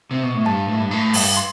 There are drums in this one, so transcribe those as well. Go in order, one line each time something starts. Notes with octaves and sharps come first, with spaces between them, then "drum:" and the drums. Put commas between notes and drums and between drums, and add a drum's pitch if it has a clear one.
C3
B2
A2
G2 A5
A2
G2
A2
G2, drum: open hi-hat
C6